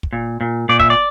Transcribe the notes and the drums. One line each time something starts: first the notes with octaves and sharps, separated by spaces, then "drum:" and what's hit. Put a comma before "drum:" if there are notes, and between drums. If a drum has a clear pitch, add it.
drum: kick
A#2
A#2
A#2 D5
E5, drum: kick
D5